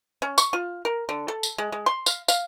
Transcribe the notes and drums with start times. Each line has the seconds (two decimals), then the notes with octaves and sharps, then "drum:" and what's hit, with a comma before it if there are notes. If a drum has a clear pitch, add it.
0.22 C#4
0.38 C#6, drum: tambourine
0.53 F4
0.85 A#4
1.09 D3
1.28 A4
1.43 drum: tambourine
1.58 G#3
1.72 G#3
1.86 C6
2.06 F5, drum: tambourine
2.28 F5, drum: tambourine